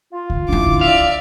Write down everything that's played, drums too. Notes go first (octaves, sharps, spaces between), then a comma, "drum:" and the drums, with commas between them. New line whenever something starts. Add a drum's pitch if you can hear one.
F4
drum: kick C#2
D4 E4 D6
drum: kick C#2
D5 E5 F5